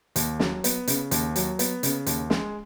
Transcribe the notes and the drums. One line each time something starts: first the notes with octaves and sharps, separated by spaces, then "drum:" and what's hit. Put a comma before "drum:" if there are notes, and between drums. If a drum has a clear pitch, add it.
D#2, drum: hi-hat
F#3, drum: snare
B3, drum: hi-hat
C#3, drum: hi-hat
D#2, drum: hi-hat
F#3, drum: hi-hat
B3, drum: hi-hat
C#3, drum: hi-hat
D#2, drum: hi-hat
G#3, drum: snare